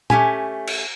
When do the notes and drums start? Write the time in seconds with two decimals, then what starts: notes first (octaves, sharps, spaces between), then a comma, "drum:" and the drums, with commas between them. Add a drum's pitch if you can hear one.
0.10 A3 C#4 G4 G#5, drum: tom
0.67 drum: cymbal